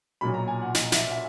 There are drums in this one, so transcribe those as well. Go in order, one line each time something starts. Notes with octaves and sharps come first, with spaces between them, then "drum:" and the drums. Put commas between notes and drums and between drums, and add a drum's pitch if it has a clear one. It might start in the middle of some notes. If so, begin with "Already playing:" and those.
B1 A#2 F#3 B5
A#5
G#5
F#5
D#5, drum: snare
E5, drum: snare
E5